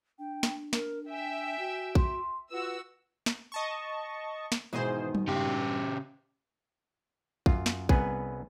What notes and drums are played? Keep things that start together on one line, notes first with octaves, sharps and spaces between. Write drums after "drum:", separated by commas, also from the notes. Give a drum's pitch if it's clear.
D4 G5
drum: snare
A#4, drum: snare
E5 G5 G#5
F#4
C6, drum: kick
F4 F#4 B4 E6
drum: snare
D#5 A5 C#6
drum: snare
G#2 B2 D#3 E3 G#4 C5
drum: tom F#3
G2 C#3 G4
F#2 F4, drum: kick
drum: snare
C2 B3 C#4 G#4 B4 G#5, drum: kick